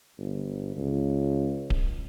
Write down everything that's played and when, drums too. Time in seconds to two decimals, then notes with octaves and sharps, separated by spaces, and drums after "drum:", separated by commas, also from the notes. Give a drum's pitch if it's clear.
0.18 G1
0.77 C#2
1.70 drum: kick D1